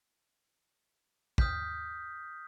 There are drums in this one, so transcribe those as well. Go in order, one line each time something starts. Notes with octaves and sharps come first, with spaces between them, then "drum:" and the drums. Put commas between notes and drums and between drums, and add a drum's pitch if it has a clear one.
D#6 F6 G6 B6, drum: kick